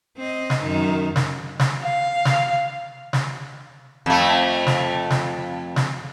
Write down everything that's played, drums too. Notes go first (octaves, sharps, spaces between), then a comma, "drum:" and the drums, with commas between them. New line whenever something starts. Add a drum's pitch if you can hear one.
C4 D#5
drum: snare
F#2 D#3
drum: snare
drum: snare
F5
drum: snare
drum: snare
F2 A3
drum: snare
drum: snare
drum: snare